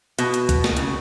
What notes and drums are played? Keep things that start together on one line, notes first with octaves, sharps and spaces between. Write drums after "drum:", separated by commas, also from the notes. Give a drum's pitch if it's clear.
B2, drum: hi-hat
drum: hi-hat
drum: kick, hi-hat
drum: snare
C#3, drum: hi-hat